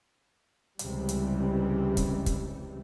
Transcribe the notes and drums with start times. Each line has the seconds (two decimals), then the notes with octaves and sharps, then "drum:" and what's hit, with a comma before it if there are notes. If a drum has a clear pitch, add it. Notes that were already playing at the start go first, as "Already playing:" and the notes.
0.79 C#2 C3 E3 G3, drum: hi-hat
1.09 drum: hi-hat
1.97 drum: kick, hi-hat
2.26 drum: kick, hi-hat